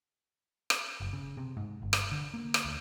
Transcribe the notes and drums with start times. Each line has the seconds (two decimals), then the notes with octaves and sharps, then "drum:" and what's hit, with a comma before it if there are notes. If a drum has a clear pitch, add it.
0.70 drum: rim click
1.00 F#1
1.13 C#3
1.37 C3
1.57 G#2
1.82 G1
1.93 drum: rim click
2.12 D3
2.34 A#3
2.54 drum: rim click
2.65 D2